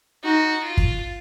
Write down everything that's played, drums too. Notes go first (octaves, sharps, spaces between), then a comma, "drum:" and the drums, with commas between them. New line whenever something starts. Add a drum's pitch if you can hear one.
D#4 F#4
F4
drum: kick